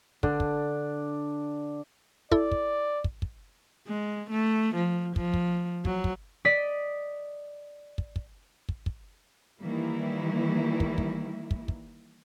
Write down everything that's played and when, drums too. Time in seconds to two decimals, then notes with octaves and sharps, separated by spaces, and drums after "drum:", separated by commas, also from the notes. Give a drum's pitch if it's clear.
0.23 D3 D4, drum: kick
0.40 drum: kick
2.31 E4 A4 D5, drum: kick
2.52 drum: kick
3.04 drum: kick
3.22 drum: kick
3.88 G#3
4.30 A3
4.75 F3
5.16 F3, drum: kick
5.34 drum: kick
5.85 F#3, drum: kick
6.04 drum: kick
6.45 D5 D#5 B6
7.98 drum: kick
8.16 drum: kick
8.69 drum: kick
8.86 drum: kick
9.60 D#3 E3 G3 A#3 E4
10.80 drum: kick
10.98 drum: kick
11.51 drum: kick
11.68 drum: kick